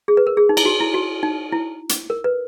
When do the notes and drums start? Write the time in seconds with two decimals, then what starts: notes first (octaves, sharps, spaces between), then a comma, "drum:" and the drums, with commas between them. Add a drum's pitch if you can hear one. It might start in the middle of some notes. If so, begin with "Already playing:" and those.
0.08 G#4
0.17 B4
0.27 A#4
0.37 G#4
0.49 D#4
0.57 E4, drum: cymbal
0.66 F#4
0.80 E4
0.94 F#4
1.23 D#4
1.52 E4
1.89 drum: hi-hat
2.10 A#4
2.24 B4